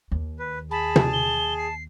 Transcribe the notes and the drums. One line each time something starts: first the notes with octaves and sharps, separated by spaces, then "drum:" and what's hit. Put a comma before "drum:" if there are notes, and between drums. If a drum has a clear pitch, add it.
D#2
B4
G#4 A5 B5
drum: tom
G7
C7